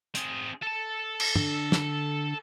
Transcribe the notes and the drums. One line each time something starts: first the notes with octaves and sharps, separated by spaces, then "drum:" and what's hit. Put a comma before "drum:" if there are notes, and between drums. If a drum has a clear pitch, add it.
C4 G#4, drum: hi-hat
A4 A5
drum: cymbal
D3, drum: tom
drum: snare